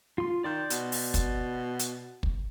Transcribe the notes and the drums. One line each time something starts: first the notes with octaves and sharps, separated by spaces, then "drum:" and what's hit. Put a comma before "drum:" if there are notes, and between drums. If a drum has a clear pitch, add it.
F4 C6
D#3 D5 C6 G6
B2, drum: hi-hat
drum: open hi-hat
drum: kick, hi-hat
drum: hi-hat
drum: kick